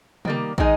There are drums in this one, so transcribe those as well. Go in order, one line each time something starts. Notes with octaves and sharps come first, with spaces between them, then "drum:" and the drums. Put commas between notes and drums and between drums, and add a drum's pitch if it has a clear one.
D#3 G3 A#3, drum: tom
D#3 G#3 D#4 G#4, drum: kick